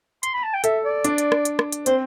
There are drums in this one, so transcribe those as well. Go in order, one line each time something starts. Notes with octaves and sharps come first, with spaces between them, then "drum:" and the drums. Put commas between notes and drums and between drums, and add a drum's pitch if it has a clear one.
C6, drum: hi-hat
B5
A5
G5
A4 E5, drum: hi-hat
D5
D4, drum: hi-hat
drum: hi-hat
drum: rim click
drum: hi-hat
drum: rim click
drum: hi-hat
C4 C5, drum: hi-hat